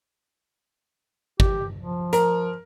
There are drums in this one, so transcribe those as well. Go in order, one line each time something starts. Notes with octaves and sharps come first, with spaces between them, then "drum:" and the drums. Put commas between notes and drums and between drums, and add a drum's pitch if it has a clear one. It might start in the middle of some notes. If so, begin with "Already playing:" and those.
G4, drum: kick
F3
A#4, drum: hi-hat